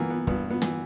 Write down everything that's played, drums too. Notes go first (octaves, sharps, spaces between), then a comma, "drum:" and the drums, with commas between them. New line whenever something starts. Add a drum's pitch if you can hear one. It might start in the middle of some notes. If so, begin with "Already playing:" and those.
Already playing: G2 E3 A#3 B3
B3
G2 B3, drum: kick
B3
E3, drum: snare